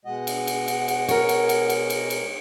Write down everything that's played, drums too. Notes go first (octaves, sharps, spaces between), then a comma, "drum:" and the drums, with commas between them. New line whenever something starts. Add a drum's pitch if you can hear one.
B2 G#3 D#5 F#5
drum: cymbal
drum: cymbal
drum: cymbal
drum: cymbal
A#4 C#5, drum: cymbal
drum: cymbal
drum: cymbal
drum: cymbal
drum: cymbal
drum: cymbal